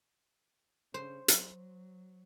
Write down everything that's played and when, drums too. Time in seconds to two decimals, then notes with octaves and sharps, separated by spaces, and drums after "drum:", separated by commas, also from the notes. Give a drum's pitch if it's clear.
0.94 C#3 C5
1.28 F#3, drum: hi-hat